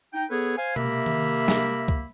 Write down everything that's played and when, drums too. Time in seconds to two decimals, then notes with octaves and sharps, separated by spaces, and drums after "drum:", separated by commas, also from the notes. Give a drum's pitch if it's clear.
0.13 D#4 G5
0.30 B3 G#4 A4 B4 C#5
0.57 C5 F5 G#5
0.76 C3 A#3 A#4 E5 B5, drum: tom B2
1.06 drum: tom D#3
1.48 drum: snare
1.88 drum: kick C#2